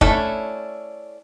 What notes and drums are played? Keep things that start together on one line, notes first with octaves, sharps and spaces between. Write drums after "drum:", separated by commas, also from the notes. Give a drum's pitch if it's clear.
A3 C#4 D4 E4 A4, drum: kick